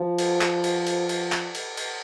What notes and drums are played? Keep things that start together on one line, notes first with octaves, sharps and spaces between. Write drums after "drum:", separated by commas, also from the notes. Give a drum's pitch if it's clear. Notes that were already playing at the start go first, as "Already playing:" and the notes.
Already playing: F3
drum: cymbal
drum: clap
drum: cymbal
drum: cymbal
drum: cymbal
drum: clap
drum: cymbal
drum: cymbal